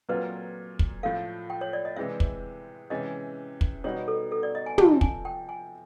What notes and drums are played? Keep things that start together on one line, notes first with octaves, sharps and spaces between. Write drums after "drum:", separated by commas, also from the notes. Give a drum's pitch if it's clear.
A#2 F#3 A3 C4 F4 B4
drum: kick
A2 F3 A3 F5
G5
C#5
D5
D#5
C3 E3 G#3 C4 E5
drum: kick
C3 E3 G#3 C#4 D#5
drum: kick
B2 G3 B3 D#4 C#5
A4
A4
D5
D#5
G#5
C3 F3 A3 A5, drum: tom
G#5, drum: kick
G5
G#5